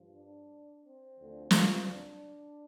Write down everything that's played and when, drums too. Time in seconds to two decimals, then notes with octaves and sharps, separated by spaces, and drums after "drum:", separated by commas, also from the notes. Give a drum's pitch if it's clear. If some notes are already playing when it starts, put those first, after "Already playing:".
Already playing: G2 F3
0.16 D4
0.83 C4
1.16 D2 D3 F3
1.51 F4, drum: snare
1.83 D4